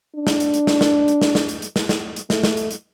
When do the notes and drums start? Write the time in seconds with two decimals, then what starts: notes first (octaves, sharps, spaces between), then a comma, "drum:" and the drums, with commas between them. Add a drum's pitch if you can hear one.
0.15 D4
0.27 drum: snare
0.40 drum: hi-hat
0.54 drum: hi-hat
0.67 drum: snare
0.81 drum: snare
1.08 drum: hi-hat
1.22 drum: snare
1.35 drum: snare
1.49 drum: hi-hat
1.62 drum: hi-hat
1.76 drum: snare
1.89 drum: snare
2.16 drum: hi-hat
2.30 A3, drum: snare
2.43 drum: snare
2.57 drum: hi-hat
2.71 drum: hi-hat